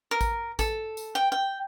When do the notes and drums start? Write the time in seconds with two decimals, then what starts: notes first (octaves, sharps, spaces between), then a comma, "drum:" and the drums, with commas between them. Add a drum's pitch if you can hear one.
0.11 A#4
0.21 drum: kick A1, tambourine
0.59 A4, drum: kick A1, tambourine
0.97 drum: tambourine
1.15 G5
1.32 G5